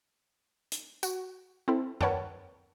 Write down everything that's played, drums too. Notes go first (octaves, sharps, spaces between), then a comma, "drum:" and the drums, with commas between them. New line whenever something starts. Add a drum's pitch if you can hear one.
drum: hi-hat
F#4, drum: tambourine
C4 E4 A4
A#4 B4 C#5 F#5 G5 A5, drum: tom F#2